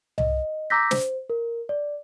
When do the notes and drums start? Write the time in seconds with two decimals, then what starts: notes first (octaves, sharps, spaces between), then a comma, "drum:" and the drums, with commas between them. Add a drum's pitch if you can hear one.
0.18 D#5, drum: tom C2
0.70 A#5 D6 E6 G6 A#6 B6
0.91 C5, drum: snare
1.30 A#4
1.69 D5